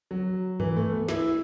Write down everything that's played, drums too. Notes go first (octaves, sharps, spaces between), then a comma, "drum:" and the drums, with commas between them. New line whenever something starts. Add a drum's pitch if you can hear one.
F#3
E3, drum: tom G2
A3
B3
E4, drum: snare